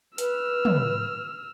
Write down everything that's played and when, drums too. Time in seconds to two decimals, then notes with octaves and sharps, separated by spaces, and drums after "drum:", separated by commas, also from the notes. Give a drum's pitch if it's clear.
0.18 B4 E6 F6, drum: hi-hat
0.65 drum: tom